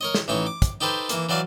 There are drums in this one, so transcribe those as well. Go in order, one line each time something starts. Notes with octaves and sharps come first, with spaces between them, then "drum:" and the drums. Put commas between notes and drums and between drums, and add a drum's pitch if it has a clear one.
A#4 C#5 D#5
drum: snare
A1 E3 D#4 C#5
D6
drum: kick, hi-hat
D#4 G4 A4 B4 C5
E3 A#3, drum: hi-hat
E3 F#3 D5 F5